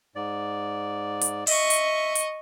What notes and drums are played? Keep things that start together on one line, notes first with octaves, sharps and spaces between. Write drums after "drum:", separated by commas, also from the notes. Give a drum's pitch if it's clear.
G#2 D5
drum: hi-hat
D#5 E5 C#6, drum: open hi-hat
drum: hi-hat
drum: hi-hat